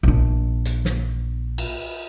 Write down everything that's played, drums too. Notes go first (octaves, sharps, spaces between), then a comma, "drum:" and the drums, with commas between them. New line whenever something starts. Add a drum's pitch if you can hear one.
A#1 D4
drum: hi-hat
drum: snare
drum: cymbal